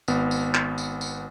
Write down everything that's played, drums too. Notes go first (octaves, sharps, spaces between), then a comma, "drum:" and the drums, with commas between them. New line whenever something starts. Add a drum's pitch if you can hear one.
G#1 B3, drum: tambourine
drum: tambourine
drum: clap
drum: tambourine
drum: tambourine